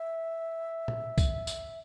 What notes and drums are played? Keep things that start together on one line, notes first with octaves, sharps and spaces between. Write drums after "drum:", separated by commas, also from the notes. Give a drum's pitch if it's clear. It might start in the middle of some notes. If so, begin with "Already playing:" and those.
Already playing: E5
drum: tom
drum: kick, tambourine
drum: tambourine